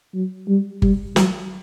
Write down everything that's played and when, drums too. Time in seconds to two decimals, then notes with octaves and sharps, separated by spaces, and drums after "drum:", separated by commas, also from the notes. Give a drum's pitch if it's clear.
0.14 F#3
0.48 G3
0.82 G3, drum: kick G1
1.16 F#3, drum: snare